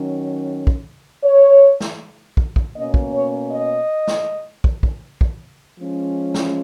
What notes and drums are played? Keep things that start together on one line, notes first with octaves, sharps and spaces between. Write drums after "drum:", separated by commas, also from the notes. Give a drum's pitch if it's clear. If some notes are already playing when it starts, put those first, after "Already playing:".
Already playing: D#3 F#3 C#4
drum: kick
C#5
drum: snare
drum: kick
drum: kick
B2 A#3 C#4 D#5
drum: kick
C#5
D#5
drum: snare
drum: kick
drum: kick
drum: kick
F3 G#3 C#4
drum: snare